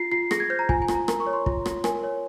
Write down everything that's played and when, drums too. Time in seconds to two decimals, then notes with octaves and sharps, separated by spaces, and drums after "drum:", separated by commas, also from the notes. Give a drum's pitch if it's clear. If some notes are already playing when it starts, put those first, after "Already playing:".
Already playing: F4 C7
0.12 F4 C7
0.31 G#4 A#6, drum: rim click
0.40 G#6
0.50 C5 G6
0.59 A#5
0.69 F4 G#5, drum: kick
0.82 G#5
0.88 F4, drum: rim click
0.95 A#5
1.08 A#4, drum: rim click
1.20 C#6
1.27 C#5
1.33 C6
1.46 F4, drum: kick
1.66 F4, drum: rim click
1.84 A#4 G#5, drum: rim click
2.03 C#5